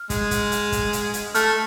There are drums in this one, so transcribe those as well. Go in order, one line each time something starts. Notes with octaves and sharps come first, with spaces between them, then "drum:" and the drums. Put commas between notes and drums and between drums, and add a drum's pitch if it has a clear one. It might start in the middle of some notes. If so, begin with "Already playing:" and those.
Already playing: F6
G#3, drum: kick, hi-hat
drum: kick, hi-hat
drum: hi-hat
drum: kick, hi-hat
drum: hi-hat
drum: hi-hat
A3 F6, drum: hi-hat